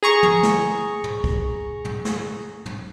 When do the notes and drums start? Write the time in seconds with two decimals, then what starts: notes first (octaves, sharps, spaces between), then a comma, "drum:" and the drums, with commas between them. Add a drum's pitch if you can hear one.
0.03 G#4 A#5 C#6
0.23 drum: tom
0.43 drum: snare
1.04 drum: tom
1.24 drum: kick
1.85 drum: tom
2.05 drum: snare
2.66 drum: tom